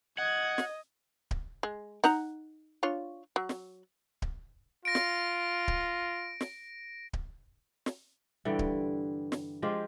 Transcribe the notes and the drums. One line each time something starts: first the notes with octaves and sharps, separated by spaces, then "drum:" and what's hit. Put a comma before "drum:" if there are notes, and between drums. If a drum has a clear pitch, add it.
D#5 F#5 G#6
drum: snare
drum: kick D1
G#3
D#4 F#5 A#5, drum: snare
D4 F4 C#5
F#3
drum: snare
drum: kick D1
F4 A#6 D7
drum: snare
drum: kick D1
drum: snare
drum: kick D1
drum: snare
G2 D3 E3 G3
drum: kick D1
drum: snare
F3 G#3 F4 G4